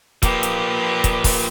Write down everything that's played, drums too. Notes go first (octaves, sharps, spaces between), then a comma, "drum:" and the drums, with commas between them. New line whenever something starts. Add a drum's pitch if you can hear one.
F3 A#3 G4 B4, drum: kick, hi-hat
drum: hi-hat
drum: kick, hi-hat
drum: kick, open hi-hat